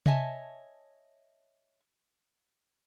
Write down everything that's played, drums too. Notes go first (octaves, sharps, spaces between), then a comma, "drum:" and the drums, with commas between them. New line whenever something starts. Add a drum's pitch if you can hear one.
C#5 D#5 E5 G#5 A5, drum: tom C3